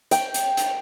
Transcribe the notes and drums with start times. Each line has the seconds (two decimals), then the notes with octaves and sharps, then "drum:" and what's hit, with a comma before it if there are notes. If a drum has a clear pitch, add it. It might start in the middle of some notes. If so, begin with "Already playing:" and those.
0.11 G5, drum: hi-hat
0.34 drum: hi-hat
0.57 drum: hi-hat